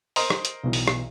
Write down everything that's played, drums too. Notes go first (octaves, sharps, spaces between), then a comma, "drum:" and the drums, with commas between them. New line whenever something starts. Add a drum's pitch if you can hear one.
A#4 C5 D#5, drum: open hi-hat
drum: rim click
drum: hi-hat
B1 B2 E3
drum: open hi-hat
drum: rim click